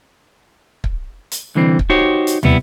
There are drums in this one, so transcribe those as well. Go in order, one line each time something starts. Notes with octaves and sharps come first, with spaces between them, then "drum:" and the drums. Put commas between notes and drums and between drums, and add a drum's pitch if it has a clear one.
drum: kick
drum: hi-hat
C2 D3 E3 C4
drum: kick
D#4 F#4 G4 C5 C#5
drum: hi-hat
C3 G3 B3 E4, drum: tom